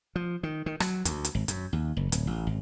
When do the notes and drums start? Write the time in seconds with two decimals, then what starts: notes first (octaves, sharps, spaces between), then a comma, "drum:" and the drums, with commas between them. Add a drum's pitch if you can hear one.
0.16 F3
0.43 D#3
0.66 D#3
0.80 F#3, drum: rim click
1.05 D2, drum: hi-hat
1.25 drum: hi-hat
1.35 G#1
1.48 F#2, drum: hi-hat
1.73 D#2
1.97 F#1
2.12 D1, drum: hi-hat
2.27 A1
2.47 G#1